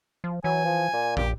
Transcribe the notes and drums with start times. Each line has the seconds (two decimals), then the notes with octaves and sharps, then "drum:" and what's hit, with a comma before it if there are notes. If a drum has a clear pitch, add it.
0.24 F3
0.44 E3 F#3 G#5
0.65 F3
0.93 A#2
1.17 A#1 G4, drum: kick